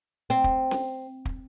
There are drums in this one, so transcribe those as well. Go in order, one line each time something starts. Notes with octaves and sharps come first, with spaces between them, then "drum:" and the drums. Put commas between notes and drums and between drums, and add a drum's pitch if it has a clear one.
C4
drum: kick
drum: snare C#4
drum: kick